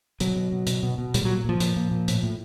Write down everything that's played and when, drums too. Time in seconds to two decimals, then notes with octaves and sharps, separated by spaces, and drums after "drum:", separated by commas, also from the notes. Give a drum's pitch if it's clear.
0.20 B2 F#3, drum: hi-hat
0.36 B2
0.52 B2
0.67 B2, drum: hi-hat
0.83 B2
0.98 B2
1.14 A#2 G3, drum: hi-hat
1.25 F#3
1.30 A#2
1.45 A#2 F3
1.60 A#2, drum: hi-hat
1.76 A#2
1.91 A#2
2.08 A2, drum: hi-hat
2.23 A2